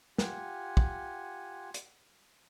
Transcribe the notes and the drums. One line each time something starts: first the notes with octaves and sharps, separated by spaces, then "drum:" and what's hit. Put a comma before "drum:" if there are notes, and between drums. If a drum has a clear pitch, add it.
F4 G4 F#5 G#5, drum: snare
drum: kick
drum: hi-hat